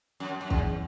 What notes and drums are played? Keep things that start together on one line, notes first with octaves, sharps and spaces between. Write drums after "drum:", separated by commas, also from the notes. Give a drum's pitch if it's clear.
F#2
F#2
E2, drum: kick